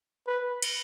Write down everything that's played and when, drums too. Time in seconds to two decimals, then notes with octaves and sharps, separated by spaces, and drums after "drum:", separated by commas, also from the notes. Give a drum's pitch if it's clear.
0.27 B4
0.62 drum: cymbal